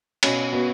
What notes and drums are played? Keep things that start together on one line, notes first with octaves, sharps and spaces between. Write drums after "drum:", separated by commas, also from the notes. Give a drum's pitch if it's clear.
B2 C#4, drum: cymbal
B3 F#4